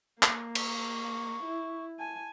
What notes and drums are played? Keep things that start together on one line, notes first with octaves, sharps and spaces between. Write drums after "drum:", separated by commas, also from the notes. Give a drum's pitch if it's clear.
A#3, drum: clap
C#6, drum: cymbal
E4
G#5 A5